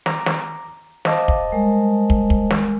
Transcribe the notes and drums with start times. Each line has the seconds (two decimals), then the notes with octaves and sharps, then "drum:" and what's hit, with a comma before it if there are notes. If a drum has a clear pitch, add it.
0.06 A#5 D6, drum: snare
0.26 drum: snare
1.05 C5 D#5 F5 A5 D6, drum: snare
1.28 drum: kick
1.52 G3 G#3 A#4
2.10 drum: kick
2.30 drum: kick
2.50 drum: snare